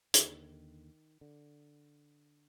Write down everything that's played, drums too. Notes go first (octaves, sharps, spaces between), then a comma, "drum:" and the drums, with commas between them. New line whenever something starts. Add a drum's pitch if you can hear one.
D#2 D3 D#3, drum: hi-hat
D3